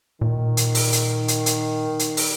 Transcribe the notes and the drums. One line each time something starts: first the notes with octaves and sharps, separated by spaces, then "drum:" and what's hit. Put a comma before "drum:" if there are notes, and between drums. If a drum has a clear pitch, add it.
A#2 D#3
drum: hi-hat
drum: open hi-hat
drum: hi-hat
drum: hi-hat
drum: hi-hat
drum: hi-hat
drum: open hi-hat